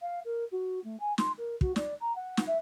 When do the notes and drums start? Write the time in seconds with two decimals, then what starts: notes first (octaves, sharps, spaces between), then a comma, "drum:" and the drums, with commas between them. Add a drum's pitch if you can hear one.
0.01 F5
0.25 A#4
0.52 F#4
0.84 A3
1.00 G#5
1.18 C6, drum: snare
1.37 A#4
1.61 F#4, drum: kick
1.76 D5, drum: snare
2.00 A#5
2.15 F#5
2.37 drum: snare
2.47 E5